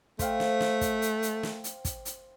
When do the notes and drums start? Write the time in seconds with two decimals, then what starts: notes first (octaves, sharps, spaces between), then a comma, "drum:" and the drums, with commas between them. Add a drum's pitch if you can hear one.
0.19 A3 C5 F5 G5, drum: kick, hi-hat
0.40 drum: snare
0.61 drum: snare
0.81 drum: kick, hi-hat
1.02 drum: hi-hat
1.23 drum: hi-hat
1.43 drum: snare
1.64 drum: hi-hat
1.85 drum: kick, hi-hat
2.05 drum: hi-hat